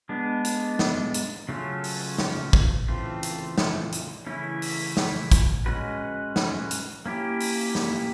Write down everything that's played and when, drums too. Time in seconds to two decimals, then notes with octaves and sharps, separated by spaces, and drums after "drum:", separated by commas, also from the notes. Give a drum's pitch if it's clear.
0.09 G#3 B3 D4
0.45 drum: hi-hat
0.79 drum: snare
1.14 drum: hi-hat
1.49 C#3 F#3 A3 C#4 F4
1.84 drum: open hi-hat
2.18 drum: snare
2.53 drum: kick
2.88 C#3 E3 A3 C4 F4
3.23 drum: hi-hat
3.58 drum: snare
3.92 drum: hi-hat
4.26 C#3 E3 A3 C#4 E4
4.62 drum: open hi-hat
4.97 drum: snare
5.32 drum: kick, hi-hat
5.66 G#3 C#4 F#4 B4
6.36 drum: snare
6.71 drum: hi-hat
7.06 A#3 C#4 E4 G4
7.40 drum: open hi-hat
7.75 drum: snare